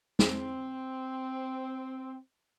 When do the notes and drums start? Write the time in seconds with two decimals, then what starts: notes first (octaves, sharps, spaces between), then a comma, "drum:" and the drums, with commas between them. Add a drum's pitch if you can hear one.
0.19 C4, drum: snare